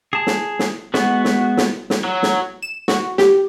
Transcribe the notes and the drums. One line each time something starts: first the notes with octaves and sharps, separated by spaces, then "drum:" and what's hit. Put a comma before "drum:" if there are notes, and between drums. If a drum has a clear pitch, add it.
G#4 A5
drum: snare
drum: snare
G#3 B3 F#4, drum: snare
drum: snare
drum: snare
drum: snare
F#3
drum: snare
E7
F#4, drum: snare
G4, drum: snare